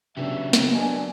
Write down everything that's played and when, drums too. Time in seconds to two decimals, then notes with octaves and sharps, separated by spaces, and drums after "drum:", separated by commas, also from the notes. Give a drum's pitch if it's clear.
0.17 C#3 F#3 B3 D4 G4 E5
0.53 drum: snare
0.74 B3 D4 A#4 D#5 G#5